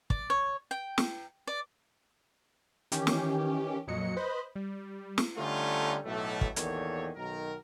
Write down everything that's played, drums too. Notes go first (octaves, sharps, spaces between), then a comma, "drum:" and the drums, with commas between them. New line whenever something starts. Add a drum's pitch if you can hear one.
D5, drum: kick
C#5
G5
drum: snare
D5
D#3 E3 C#4 G4, drum: hi-hat
drum: snare
F2 A#2 F#3 D#5 C#7
B4 C5 D#5 B5
G3
drum: snare
D3 G3 A3 C#4 D#4 F4
B1 A2 A3
drum: kick
E2 A#2 D#3 A4 C#5, drum: hi-hat
B1 D#3 A#4